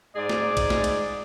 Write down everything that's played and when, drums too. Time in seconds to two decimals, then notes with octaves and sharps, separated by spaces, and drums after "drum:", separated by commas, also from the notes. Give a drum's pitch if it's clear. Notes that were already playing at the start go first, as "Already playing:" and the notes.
0.16 G#2 G#4 D5
0.29 drum: snare
0.57 drum: kick, cymbal
0.70 drum: snare
0.84 drum: cymbal